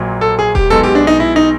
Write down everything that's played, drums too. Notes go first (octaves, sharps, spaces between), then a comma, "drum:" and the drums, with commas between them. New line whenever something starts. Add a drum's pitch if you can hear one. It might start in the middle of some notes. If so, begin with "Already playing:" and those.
Already playing: A#1 A#2 F#3
A4
G#4
G4, drum: kick D#1
B1 B2 G#3 A4
G4
D4
D#4
E4
D#4